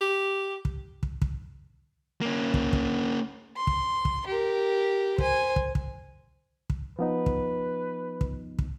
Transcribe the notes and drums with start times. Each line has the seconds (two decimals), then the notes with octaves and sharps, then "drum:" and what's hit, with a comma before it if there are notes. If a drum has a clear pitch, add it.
0.01 G4
0.65 drum: kick
1.03 drum: kick
1.22 drum: kick
2.21 A#3 C#4
2.54 drum: kick
2.73 drum: kick
3.57 C6
3.67 drum: kick
4.05 drum: kick
4.27 G4 A#4
5.18 C5 G#5, drum: kick
5.56 drum: kick
5.75 drum: kick
6.70 drum: kick
6.99 F3 B3 D#4 B4
7.26 drum: kick
8.21 drum: kick
8.59 drum: kick